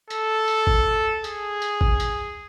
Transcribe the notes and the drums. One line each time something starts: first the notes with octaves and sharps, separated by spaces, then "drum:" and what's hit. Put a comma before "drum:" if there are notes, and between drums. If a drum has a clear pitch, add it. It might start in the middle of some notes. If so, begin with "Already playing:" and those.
A4, drum: hi-hat
drum: hi-hat
drum: kick A1
G#4, drum: hi-hat
drum: hi-hat
drum: kick A1
drum: hi-hat